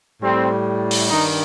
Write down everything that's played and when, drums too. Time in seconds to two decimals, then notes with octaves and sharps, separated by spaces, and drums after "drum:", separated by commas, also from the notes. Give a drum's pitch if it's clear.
0.22 A2 G3 C4
0.91 drum: open hi-hat
1.10 G2 D#3 G3 D#4